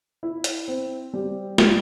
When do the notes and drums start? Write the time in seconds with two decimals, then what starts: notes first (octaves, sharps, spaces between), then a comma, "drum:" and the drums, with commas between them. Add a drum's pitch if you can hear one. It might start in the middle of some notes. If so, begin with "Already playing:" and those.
0.23 E4
0.44 drum: hi-hat
0.68 C4
1.13 G3
1.58 G3, drum: snare